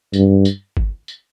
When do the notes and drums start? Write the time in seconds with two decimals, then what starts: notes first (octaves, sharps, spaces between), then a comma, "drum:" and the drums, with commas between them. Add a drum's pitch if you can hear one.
0.13 G2, drum: tambourine
0.45 drum: tambourine
0.77 drum: kick G1
1.08 drum: tambourine